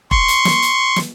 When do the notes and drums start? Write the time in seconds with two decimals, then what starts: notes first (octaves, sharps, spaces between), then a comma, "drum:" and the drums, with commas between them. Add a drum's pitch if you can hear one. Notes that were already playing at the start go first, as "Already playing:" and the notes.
0.11 C6 C#6, drum: kick E1
0.28 drum: hi-hat
0.45 drum: snare
0.62 drum: hi-hat
0.96 drum: snare